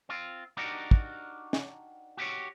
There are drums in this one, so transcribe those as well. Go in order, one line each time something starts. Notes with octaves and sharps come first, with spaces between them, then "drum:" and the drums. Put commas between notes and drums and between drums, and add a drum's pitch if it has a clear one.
C4 F4
D4 D#4 F#4 G4 A#4
drum: kick
drum: snare
F#4 G4 C5 C#5